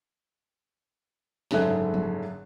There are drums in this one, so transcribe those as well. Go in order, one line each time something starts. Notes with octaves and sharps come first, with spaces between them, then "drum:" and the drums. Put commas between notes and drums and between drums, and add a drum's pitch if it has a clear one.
F#1 G#2 D3 G#4 E5 F#6, drum: snare
drum: tom F3